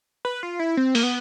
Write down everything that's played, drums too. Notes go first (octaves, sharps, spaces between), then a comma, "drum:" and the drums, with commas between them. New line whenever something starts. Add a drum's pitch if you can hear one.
B4
F4
E4
C4
A#3, drum: open hi-hat
B3